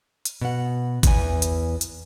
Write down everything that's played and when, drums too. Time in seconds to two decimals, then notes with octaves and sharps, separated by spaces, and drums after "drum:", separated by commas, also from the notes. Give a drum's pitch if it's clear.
0.25 drum: hi-hat
0.41 B2 F#5
1.03 E2 E3 G#5, drum: kick G#1, hi-hat
1.42 drum: hi-hat
1.81 drum: hi-hat